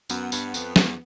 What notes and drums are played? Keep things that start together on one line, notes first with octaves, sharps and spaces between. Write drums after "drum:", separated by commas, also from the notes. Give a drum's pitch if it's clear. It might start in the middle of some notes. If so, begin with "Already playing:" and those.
F#2 B3, drum: tambourine
G2, drum: tambourine
F2, drum: tambourine
E2, drum: snare